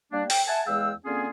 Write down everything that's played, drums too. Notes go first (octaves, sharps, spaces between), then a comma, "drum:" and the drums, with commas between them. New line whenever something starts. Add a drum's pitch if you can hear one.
G3 A#3 D4
G5, drum: open hi-hat
E5 F#5 G#5 A5
E2 G#3 G#4 F5 G5 E6
D3 A#3 C4 C#4 F4 G#4